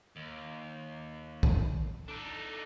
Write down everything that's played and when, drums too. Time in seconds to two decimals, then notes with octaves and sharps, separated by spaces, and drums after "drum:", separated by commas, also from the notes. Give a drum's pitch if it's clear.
0.16 D#2
1.43 drum: kick
2.08 D4 D#4 A4